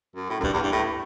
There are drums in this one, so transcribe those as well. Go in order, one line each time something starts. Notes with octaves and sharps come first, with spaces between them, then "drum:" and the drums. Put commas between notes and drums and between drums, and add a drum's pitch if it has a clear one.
F#2
A2
F#2
G2, drum: kick C#2
E2
G2
A2